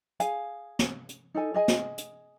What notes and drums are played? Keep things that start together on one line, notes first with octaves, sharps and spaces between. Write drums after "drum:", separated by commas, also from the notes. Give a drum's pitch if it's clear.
G#4 F5 G#5, drum: hi-hat
drum: snare
drum: hi-hat
D#4 A4 G#5
G#4 D#5 G#5
drum: snare
drum: hi-hat